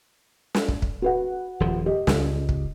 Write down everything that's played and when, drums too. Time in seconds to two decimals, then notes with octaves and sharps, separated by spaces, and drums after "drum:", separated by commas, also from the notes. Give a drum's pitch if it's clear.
0.55 drum: snare
0.68 drum: kick
0.82 drum: kick
1.02 F#4 B4 F#5
1.60 D#1 F3
1.86 G4 D#5
2.07 C#2, drum: snare
2.49 drum: kick